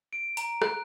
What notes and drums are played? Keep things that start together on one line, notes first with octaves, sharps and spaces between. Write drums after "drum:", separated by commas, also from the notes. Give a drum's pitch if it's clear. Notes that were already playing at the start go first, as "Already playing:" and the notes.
D7
A#5, drum: hi-hat
F#6, drum: rim click